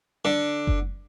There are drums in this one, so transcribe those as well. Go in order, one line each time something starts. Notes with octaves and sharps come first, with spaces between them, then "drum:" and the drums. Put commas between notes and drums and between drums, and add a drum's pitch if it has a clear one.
D3
drum: kick F#1